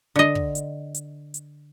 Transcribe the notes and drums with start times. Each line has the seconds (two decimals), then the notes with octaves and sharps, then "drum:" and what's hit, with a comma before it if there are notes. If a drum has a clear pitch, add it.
0.16 D3 D#5
0.35 drum: kick
0.55 drum: hi-hat
0.94 drum: hi-hat
1.34 drum: hi-hat